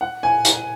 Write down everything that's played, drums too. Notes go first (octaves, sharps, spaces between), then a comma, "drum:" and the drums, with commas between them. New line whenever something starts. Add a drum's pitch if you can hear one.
F#5
G#5
drum: hi-hat